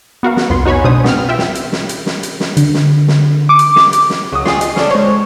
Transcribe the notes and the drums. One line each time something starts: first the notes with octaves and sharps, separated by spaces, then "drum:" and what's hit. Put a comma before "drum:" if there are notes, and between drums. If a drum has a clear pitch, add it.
B3 F#4 A#4 F5
drum: snare
C2 F2 B3 C6
D#4 F#4 C#5 G#5 B5
C#2 B2 D4 C5 D#6
B3 C4 F6, drum: snare
F4 E5 G5
drum: snare
drum: hi-hat
drum: snare
drum: hi-hat
drum: snare
drum: hi-hat
drum: snare
D3, drum: hi-hat
drum: snare
drum: snare
D6
drum: hi-hat
drum: snare
drum: hi-hat
drum: snare
C#2 F#3 D#6
F4 G#4 C7, drum: snare
D#5, drum: hi-hat
C#4 D4 A4, drum: snare
G#3 C5 C#5